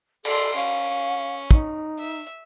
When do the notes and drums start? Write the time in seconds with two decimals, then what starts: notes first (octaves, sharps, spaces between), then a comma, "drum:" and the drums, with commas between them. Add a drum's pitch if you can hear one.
0.25 A4 D5 C6, drum: cymbal
0.55 C#4 F5
1.51 D#4, drum: kick
1.99 E5